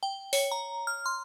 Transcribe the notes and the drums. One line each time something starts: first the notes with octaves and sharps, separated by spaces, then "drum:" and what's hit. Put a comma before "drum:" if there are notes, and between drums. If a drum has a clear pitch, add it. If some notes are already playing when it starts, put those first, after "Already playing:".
G5
C#5, drum: open hi-hat
A#5
F6
C6